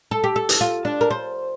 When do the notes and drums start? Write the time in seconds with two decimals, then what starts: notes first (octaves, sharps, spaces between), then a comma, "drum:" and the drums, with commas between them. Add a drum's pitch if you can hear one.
0.11 A4
0.24 G4
0.36 A4
0.49 drum: hi-hat
0.61 F4
0.85 D4
1.01 A#4
1.11 C5